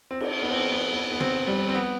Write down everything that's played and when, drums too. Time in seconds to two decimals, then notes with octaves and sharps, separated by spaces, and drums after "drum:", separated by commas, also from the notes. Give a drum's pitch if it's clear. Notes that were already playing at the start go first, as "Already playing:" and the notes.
0.11 C4
0.21 drum: cymbal
0.42 B3
0.51 C4
0.72 B3
0.92 B3
1.12 B3
1.20 C4, drum: tom
1.47 G3
1.69 C4
1.75 B3